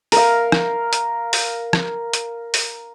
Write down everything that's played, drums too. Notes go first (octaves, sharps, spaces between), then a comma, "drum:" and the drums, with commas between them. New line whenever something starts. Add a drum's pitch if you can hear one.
A#4 F5, drum: open hi-hat
drum: rim click
drum: hi-hat
drum: open hi-hat
drum: rim click
drum: hi-hat
drum: open hi-hat